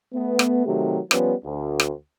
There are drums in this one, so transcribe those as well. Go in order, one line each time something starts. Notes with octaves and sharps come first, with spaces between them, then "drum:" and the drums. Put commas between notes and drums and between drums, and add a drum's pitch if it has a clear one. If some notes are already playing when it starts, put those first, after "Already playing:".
A3 B3
drum: rim click
C3 D#3 F#3 A3 G4
F3 G3 B3 C#4 B4, drum: rim click
D2
drum: rim click